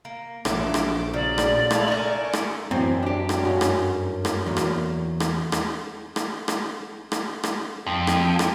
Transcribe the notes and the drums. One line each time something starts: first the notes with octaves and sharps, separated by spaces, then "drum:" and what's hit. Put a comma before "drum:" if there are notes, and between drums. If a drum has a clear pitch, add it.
A#3
A#1 F#3 A3 A#3 D6, drum: rim click
drum: rim click
C#3 F#3 D5
drum: rim click
A3 E4 F5, drum: rim click
A3 A#4 G#5 C#6 D6
drum: rim click
C2 F#2 E3 C4
D4 G4
drum: rim click
G2 C#4 F#4
drum: rim click
drum: rim click
E2 F#3 A#3
drum: rim click
drum: rim click
drum: rim click
drum: rim click
drum: rim click
drum: rim click
drum: rim click
F2
drum: rim click
drum: rim click